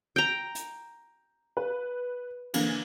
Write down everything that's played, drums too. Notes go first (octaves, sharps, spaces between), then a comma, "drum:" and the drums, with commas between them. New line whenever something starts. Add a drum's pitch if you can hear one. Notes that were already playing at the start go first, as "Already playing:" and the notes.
G5 A#5
drum: hi-hat
B4
D3 E3 A#3, drum: cymbal